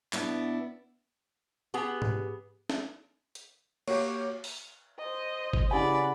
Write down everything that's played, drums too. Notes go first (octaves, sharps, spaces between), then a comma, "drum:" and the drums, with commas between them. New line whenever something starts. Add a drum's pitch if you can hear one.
B2 B3 D4 E4, drum: clap
B3 G4 G#4
drum: tom G#2
drum: snare
drum: hi-hat
A#3 F#4 G4 C#5, drum: cymbal
drum: open hi-hat
C5 D#5
drum: kick
C#3 E4 G4 B4 D5 F#5 G#5 B5